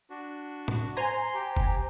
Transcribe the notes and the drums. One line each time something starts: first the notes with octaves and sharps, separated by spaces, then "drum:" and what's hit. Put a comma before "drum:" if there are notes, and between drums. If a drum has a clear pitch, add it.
D4 F#4
drum: tom A2
C5 G#5 A#5 C6
G4
drum: kick